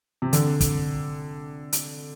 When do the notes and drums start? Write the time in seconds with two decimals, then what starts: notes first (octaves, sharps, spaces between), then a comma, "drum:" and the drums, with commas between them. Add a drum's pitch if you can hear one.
0.22 C3
0.33 D3, drum: hi-hat
0.60 drum: kick, hi-hat
1.73 drum: hi-hat